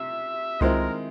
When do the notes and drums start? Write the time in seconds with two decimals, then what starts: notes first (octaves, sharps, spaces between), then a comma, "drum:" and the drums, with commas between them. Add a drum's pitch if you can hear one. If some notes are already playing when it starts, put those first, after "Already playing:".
Already playing: C3 E5
0.61 D#3 G#3 C4 E4 A#4, drum: tom C2